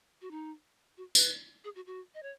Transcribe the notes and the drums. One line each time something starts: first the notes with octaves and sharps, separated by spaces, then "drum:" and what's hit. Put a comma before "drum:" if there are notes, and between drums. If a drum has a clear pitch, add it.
F#4
D#4
F#4
B4, drum: tambourine
G#4
F#4
F#4
D#5
C#5